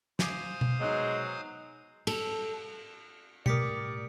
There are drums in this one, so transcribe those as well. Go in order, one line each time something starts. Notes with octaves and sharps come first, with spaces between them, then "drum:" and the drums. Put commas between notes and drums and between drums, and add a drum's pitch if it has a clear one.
C5 F5 G#5 D6 D#6, drum: snare
drum: tom B2
F#3 G#3 B3 D#4
A4, drum: cymbal
A2 G3 G4 A#4 D5 D#6 B6 C#7, drum: tom B2